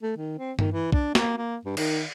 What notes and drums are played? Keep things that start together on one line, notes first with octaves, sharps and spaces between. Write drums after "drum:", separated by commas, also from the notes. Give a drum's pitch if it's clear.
A3
D#3
C4
D#3, drum: tom G2
E3
D4, drum: kick
A#3, drum: snare
A#3
G2
D#3, drum: cymbal